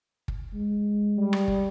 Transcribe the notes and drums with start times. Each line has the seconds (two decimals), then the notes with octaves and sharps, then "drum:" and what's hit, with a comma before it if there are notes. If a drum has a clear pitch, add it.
0.28 drum: kick
0.54 G#3
1.18 G3
1.33 drum: rim click
1.48 drum: kick